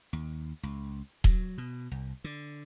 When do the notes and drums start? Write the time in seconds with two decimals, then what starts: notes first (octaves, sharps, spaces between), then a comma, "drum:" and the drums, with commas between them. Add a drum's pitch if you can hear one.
0.13 D#2
0.63 C#2
1.24 F#3, drum: kick D#1
1.58 B2
1.91 C2
2.24 D3